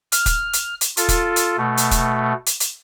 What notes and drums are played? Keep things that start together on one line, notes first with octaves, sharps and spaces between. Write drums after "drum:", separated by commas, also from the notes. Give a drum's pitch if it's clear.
F6, drum: hi-hat
drum: kick, hi-hat
drum: hi-hat
drum: hi-hat
F4 A4, drum: hi-hat
drum: kick, hi-hat
drum: hi-hat
B2 A3
drum: hi-hat
drum: kick, hi-hat
drum: hi-hat
drum: hi-hat